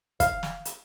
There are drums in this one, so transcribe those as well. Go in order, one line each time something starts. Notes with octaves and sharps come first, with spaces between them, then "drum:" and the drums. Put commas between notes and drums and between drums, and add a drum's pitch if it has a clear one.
F5, drum: kick, hi-hat
drum: snare
drum: hi-hat